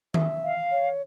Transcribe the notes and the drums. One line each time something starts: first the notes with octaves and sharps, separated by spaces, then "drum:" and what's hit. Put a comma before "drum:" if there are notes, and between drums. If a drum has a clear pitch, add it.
E5, drum: tom D#3
F5
C#5